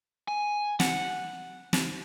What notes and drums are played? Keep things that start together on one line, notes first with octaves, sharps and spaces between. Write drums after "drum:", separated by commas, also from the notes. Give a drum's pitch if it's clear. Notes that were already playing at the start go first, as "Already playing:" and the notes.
G#5
F#5, drum: snare
drum: snare